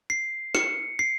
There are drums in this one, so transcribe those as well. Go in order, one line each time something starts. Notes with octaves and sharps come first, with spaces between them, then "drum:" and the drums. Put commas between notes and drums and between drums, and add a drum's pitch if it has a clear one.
C7
C#7, drum: snare
C7